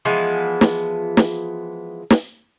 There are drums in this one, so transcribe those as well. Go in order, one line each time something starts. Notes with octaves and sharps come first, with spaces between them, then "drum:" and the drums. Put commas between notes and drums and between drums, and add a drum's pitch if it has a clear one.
E3 F3 G#3 B3
drum: snare
drum: snare
drum: snare